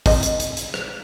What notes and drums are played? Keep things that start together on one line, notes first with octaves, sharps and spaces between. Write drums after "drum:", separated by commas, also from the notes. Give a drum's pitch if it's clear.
C4 D#5, drum: kick, open hi-hat
drum: hi-hat
drum: hi-hat
drum: hi-hat
drum: rim click